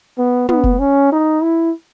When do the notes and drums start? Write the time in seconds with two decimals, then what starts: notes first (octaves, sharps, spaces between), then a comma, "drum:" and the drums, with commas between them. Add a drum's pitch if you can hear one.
0.18 B3
0.49 B3, drum: tom
0.64 drum: kick F1
0.80 C#4
1.12 D#4
1.42 E4